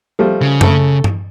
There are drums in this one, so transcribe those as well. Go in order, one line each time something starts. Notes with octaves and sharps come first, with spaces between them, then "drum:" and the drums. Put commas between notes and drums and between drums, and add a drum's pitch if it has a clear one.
F3 G3 A3
C#3
A3 A4, drum: tom F#2
drum: tom G2